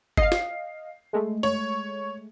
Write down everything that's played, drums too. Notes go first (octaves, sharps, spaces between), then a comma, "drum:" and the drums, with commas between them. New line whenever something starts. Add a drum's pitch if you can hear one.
D#5 F5 C7, drum: kick G1
drum: snare
G#3 A3
C#5